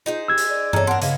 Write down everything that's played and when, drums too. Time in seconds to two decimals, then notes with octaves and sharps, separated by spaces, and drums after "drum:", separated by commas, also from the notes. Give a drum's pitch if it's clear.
0.06 D#4 F4 G#4 C5
0.28 G4 E6 G#6
0.38 drum: hi-hat
0.49 D5
0.73 G#3 A4 C#5 A#5, drum: tom G2
0.87 D4 A#4 F#5 A5 C6
1.02 C#3 G#3 B3 E4 F5, drum: hi-hat